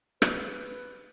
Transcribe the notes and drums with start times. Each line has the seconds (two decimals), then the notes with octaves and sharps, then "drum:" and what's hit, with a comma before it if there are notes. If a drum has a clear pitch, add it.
0.22 B4, drum: rim click